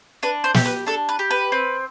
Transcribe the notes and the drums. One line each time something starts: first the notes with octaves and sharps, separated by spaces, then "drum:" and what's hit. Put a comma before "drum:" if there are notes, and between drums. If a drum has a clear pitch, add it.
D4 B4
C5
G4, drum: snare
B4
D4 A4
B4
G4
B4
C4